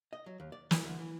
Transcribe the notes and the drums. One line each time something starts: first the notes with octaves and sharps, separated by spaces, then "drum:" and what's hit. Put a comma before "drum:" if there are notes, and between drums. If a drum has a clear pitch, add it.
D#5
F#3
D#2
D5
E3, drum: snare
D2
E3